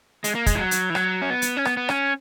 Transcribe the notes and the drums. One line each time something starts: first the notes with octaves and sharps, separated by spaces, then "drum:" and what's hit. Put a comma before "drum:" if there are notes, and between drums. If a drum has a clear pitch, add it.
G#3, drum: hi-hat
A#3
G#3, drum: kick, hi-hat
E3
F#3
drum: hi-hat
E3
F#3, drum: rim click
C#4
B3
drum: hi-hat
C#4
B3, drum: rim click
B3
C#4, drum: rim click